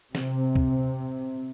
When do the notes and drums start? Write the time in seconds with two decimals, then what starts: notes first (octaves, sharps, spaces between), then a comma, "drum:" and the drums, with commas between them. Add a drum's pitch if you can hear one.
0.15 C3, drum: snare
0.56 drum: kick C#2